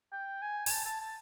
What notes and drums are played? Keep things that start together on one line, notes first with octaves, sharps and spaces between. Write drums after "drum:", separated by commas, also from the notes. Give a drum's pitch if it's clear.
G5
G#5
G#5, drum: open hi-hat
A5
A5
A5